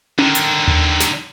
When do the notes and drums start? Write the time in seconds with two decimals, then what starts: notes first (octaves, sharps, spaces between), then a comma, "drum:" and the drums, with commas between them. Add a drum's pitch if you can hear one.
0.19 D3 D#3, drum: tom C#4
0.35 drum: hi-hat
0.68 drum: tom D#2
1.00 drum: snare